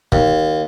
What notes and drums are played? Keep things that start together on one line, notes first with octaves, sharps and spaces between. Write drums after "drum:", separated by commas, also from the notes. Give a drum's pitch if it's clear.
D#2, drum: kick